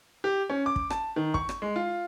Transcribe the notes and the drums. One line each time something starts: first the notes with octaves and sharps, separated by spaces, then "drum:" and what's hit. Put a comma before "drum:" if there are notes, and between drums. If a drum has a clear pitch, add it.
G4
C#4
D6
drum: kick
A5, drum: rim click
D#3
C#6, drum: kick
drum: rim click
G#3
F4